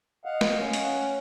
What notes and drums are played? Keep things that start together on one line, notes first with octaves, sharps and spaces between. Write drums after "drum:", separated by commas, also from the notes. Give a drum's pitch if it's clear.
D#5 F5 F#5
drum: snare
C#4
drum: hi-hat